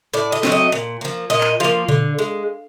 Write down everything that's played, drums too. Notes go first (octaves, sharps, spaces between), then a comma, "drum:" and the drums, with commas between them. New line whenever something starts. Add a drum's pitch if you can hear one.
A2 D5
D#5
F#3 A3 C4, drum: snare
D#5
A#2
F3 A#3
A#2 D#5
drum: clap
F3 A#3 F5
D3, drum: tom A#2
G#3